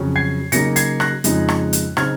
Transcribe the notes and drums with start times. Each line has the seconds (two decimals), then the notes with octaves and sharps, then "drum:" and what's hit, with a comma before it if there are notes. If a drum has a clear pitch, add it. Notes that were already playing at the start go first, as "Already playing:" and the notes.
Already playing: F2 C#3 F#3 C#4
0.16 G#6 C7
0.52 C#3 F#3 A#3 D#4 A#6 C#7, drum: hi-hat
0.76 G#6 C7, drum: hi-hat
1.00 F#6 A#6, drum: rim click
1.24 F2 C#3 F3 G#3 D#4, drum: hi-hat
1.49 drum: rim click
1.73 drum: hi-hat
1.97 C#3 F#3 C4 D#4 F6 G#6, drum: rim click